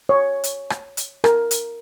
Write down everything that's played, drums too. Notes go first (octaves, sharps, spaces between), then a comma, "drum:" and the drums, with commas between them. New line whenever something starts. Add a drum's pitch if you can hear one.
C#5
drum: hi-hat
drum: rim click
drum: hi-hat
A#4, drum: rim click
drum: hi-hat